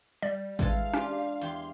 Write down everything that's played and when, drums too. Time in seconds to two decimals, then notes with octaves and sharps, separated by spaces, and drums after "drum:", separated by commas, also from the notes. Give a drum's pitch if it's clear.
0.22 G3 D5
0.59 E3 G#3 A4 F5, drum: kick G#1
0.94 C#4 D4 F4 G4
1.41 E2 G4 C6